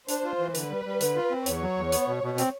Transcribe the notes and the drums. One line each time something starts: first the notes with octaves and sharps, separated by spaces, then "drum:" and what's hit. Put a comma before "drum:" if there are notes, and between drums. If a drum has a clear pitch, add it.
D4 C5, drum: hi-hat
F4
E3
D3 B4, drum: hi-hat
G3
G3
D3, drum: hi-hat
F4
C4
E2 C#5, drum: hi-hat
F#3
E2
B3, drum: hi-hat
B2
B2
C4, drum: hi-hat